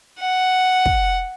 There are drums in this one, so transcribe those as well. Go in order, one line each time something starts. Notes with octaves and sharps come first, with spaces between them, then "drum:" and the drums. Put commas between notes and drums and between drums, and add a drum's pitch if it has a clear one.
F#5
drum: kick